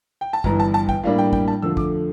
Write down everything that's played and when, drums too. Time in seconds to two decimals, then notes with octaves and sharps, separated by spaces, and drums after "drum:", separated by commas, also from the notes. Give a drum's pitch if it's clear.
0.21 G5
0.33 A5
0.44 G1 G2 E3 A#5, drum: kick
0.60 A5
0.74 A5
0.89 G5, drum: kick
1.03 A2 G3 A#3 D4 F5
1.18 G5
1.33 G5, drum: kick
1.48 A5
1.62 F2 D3 F3 A3 E6
1.77 D6, drum: kick